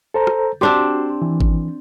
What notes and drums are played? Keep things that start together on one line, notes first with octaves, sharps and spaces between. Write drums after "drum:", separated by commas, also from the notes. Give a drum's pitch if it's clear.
A4 C5 A#5
drum: rim click
C4 D4 F#4 G4 C6
E3
drum: kick G#1